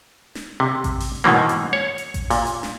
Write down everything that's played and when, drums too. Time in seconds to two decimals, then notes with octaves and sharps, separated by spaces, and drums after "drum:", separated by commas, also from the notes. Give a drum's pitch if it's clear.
0.35 drum: snare
0.60 C3
0.84 drum: kick A1, hi-hat
1.00 drum: open hi-hat
1.24 G#2 B2 D#3 E3 A#3
1.49 drum: hi-hat
1.73 C#5
1.98 drum: hi-hat
2.14 drum: kick A1, hi-hat
2.30 A#2, drum: open hi-hat
2.47 drum: hi-hat
2.63 drum: snare